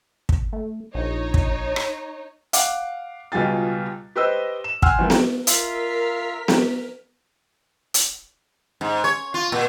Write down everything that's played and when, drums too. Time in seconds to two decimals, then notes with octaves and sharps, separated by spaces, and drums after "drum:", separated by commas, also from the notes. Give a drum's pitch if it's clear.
0.29 drum: kick
0.53 A3
0.95 A#1 D#4 C#5
1.34 drum: kick
1.76 drum: rim click
2.53 F5 F#5 D6, drum: hi-hat
3.32 C#2 B2 G3 F4 G#4 A6
4.16 G4 B4 C5 D#5 E6
4.64 E7
4.82 F#5 G#5 C6 E6 F6, drum: kick
4.99 E2 G3 A#3
5.10 drum: snare B3
5.47 F4 A#4 E5 F5 F6 B6, drum: hi-hat
6.48 drum: snare B3
7.94 drum: hi-hat
8.81 G#2
9.04 C#5
9.34 F4
9.52 A#2